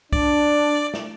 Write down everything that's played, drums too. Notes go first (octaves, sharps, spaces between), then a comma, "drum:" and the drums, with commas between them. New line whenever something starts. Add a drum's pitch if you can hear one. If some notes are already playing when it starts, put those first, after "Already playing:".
D4 D5, drum: kick
drum: snare